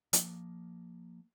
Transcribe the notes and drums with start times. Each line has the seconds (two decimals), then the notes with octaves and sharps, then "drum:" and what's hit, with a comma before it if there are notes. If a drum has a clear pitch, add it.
0.13 F3 A#3, drum: hi-hat